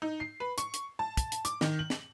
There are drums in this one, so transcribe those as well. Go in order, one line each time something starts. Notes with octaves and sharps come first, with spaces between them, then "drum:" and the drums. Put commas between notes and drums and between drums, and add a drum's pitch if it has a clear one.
D#4
C7
B4
C#6, drum: hi-hat
drum: hi-hat
A5
drum: kick, hi-hat
drum: hi-hat
D6, drum: hi-hat
D#3, drum: snare
F#7
drum: snare